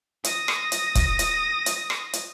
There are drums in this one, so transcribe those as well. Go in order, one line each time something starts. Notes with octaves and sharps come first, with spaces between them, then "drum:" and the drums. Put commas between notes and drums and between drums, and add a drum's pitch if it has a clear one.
D#6 A#6, drum: hi-hat
drum: rim click
drum: hi-hat
drum: kick, hi-hat
drum: hi-hat
drum: hi-hat
drum: rim click
drum: hi-hat